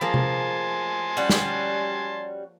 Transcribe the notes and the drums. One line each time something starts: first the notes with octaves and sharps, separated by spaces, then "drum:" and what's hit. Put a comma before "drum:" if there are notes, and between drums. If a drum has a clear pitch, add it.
F3 A#3 G#4 G#5 A5 C6
drum: tom C3
G3 C#4 F#4
drum: snare